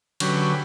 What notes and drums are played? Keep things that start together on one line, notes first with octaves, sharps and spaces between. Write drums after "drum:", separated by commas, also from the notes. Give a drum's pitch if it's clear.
D3 F#3 C#4 G4 B4, drum: cymbal